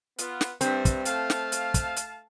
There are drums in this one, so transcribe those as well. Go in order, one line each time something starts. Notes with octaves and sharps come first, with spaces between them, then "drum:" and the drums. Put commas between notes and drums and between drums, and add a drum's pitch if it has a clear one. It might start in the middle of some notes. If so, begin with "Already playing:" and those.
B3 F4, drum: hi-hat
drum: snare
G2 G3 C4 E5, drum: hi-hat
drum: kick, hi-hat
A3 F5 A5, drum: hi-hat
drum: snare
drum: hi-hat
drum: kick, hi-hat
drum: hi-hat